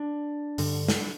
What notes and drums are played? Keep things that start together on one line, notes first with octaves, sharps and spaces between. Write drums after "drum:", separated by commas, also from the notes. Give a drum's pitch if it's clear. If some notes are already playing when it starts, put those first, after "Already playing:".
Already playing: D4
G2 D3, drum: open hi-hat
drum: snare